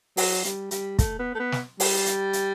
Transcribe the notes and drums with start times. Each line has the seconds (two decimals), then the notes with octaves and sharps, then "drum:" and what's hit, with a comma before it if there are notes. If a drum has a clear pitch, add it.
0.17 F#3, drum: open hi-hat
0.45 G3, drum: hi-hat
0.71 G3, drum: hi-hat
0.99 A3, drum: kick, hi-hat
1.19 B3
1.35 A3
1.39 B3
1.52 drum: snare
1.80 G3, drum: open hi-hat
2.06 drum: hi-hat
2.33 drum: hi-hat